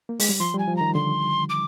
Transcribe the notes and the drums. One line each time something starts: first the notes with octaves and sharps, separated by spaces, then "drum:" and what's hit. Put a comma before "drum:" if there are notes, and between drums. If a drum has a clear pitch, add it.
A#3
G#3, drum: open hi-hat
G3
F3 C6
G3 G#5
F3
D#3 A#5
D3 C6
D6